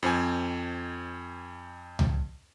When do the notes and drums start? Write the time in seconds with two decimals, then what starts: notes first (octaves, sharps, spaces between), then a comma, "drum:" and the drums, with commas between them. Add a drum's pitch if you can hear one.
0.03 F2 C4 G#5
1.99 drum: tom C#2